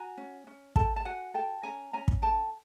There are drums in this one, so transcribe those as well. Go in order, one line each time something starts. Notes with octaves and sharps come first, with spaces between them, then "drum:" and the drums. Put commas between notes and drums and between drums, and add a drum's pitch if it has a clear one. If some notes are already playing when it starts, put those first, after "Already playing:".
Already playing: F#4 G#5 A#5
C#4
C#4
A4 G5 A5, drum: kick
A5
F#4 F#5 G#5
A4 G5 A5
C#4 G#5 A#5
C#4 G#5 A#5
drum: kick
A4 G5 A5